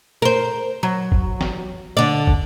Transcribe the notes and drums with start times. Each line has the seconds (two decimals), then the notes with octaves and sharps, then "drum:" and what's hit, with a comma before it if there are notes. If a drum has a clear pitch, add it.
0.22 A#4 C5
0.83 F#3
1.12 drum: kick
1.41 drum: snare
1.97 D3 D5
2.27 drum: kick